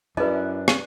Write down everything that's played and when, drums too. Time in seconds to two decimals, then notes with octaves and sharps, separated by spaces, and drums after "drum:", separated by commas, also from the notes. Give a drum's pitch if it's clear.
0.17 F#2 D4 E4 B4 D#5
0.68 drum: rim click